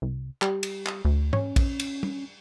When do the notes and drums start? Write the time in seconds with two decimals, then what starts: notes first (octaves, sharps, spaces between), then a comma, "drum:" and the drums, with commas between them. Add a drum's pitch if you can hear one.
0.02 C2
0.42 G3, drum: clap
0.63 drum: cymbal
0.86 drum: clap
1.05 D2
1.33 C#4, drum: tom G#2
1.56 drum: kick, cymbal
1.80 drum: cymbal
2.03 drum: tom